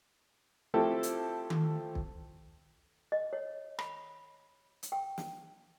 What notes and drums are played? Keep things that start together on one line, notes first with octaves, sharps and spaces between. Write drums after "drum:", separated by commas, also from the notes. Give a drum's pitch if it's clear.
F3 A3 C4 E4 G4 A4
drum: hi-hat
drum: tom D#3
drum: kick
D#5
C#5
B5, drum: rim click
drum: hi-hat
G5
drum: snare